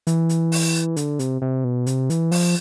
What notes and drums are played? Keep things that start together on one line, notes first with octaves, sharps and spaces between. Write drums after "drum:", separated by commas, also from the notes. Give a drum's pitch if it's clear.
E3, drum: hi-hat
drum: hi-hat
drum: open hi-hat
D3, drum: hi-hat
C3, drum: hi-hat
C3
B2
C3, drum: hi-hat
E3, drum: hi-hat
F3, drum: open hi-hat